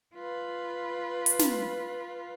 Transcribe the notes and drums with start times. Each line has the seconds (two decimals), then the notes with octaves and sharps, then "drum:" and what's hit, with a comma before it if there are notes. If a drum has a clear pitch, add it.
0.15 F4 B4
1.26 drum: hi-hat
1.39 drum: snare